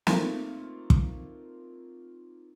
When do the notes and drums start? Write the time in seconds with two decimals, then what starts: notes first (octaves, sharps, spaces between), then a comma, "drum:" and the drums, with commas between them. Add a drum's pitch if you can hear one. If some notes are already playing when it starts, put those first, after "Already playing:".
0.07 A3 A#3 C4 D#4 F4 A#4, drum: snare
0.90 drum: kick